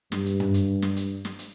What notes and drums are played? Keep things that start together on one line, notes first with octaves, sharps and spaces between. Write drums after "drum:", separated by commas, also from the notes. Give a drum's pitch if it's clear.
G2, drum: snare
drum: hi-hat
drum: tom
drum: hi-hat
drum: snare
drum: hi-hat
drum: snare
drum: hi-hat